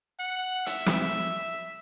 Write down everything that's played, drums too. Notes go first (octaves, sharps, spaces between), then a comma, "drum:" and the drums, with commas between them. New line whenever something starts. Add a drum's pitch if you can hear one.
F#5
E5, drum: hi-hat
drum: snare